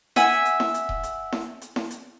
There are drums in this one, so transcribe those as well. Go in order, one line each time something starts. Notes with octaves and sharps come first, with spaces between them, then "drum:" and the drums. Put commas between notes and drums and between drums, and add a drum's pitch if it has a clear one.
E5 F#5 G#5, drum: snare E4
drum: hi-hat
drum: snare E4
drum: hi-hat
drum: kick D#1
drum: hi-hat
drum: snare E4
drum: hi-hat
drum: snare E4
drum: hi-hat